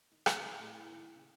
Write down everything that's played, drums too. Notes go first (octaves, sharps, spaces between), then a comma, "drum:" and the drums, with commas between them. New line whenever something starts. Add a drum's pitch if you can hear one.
D#3
A2 C3 D#3 A#3, drum: rim click
A2
D#3 A#3
C#3